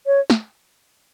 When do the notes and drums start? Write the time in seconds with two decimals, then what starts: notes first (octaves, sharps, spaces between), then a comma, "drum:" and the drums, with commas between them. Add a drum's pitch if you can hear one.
0.07 C#5
0.30 drum: snare